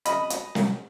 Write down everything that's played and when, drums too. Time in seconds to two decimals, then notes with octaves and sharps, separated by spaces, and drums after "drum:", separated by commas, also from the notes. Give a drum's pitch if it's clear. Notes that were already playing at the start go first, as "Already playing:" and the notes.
0.05 D#5 B5, drum: hi-hat
0.30 drum: hi-hat
0.55 drum: snare